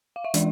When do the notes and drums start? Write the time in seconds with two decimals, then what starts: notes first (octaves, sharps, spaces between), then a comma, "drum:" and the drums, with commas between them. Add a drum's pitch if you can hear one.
0.16 F5
0.24 E5
0.34 E3 G#3 D4 D5, drum: hi-hat